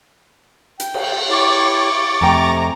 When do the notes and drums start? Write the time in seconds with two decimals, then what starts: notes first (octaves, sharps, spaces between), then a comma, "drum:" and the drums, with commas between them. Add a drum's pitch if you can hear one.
0.80 G5, drum: hi-hat
0.94 drum: cymbal
1.29 E4 G4 C#5 C#6 D6 A6
2.21 F2 C3 A3 G5 G#5 A#5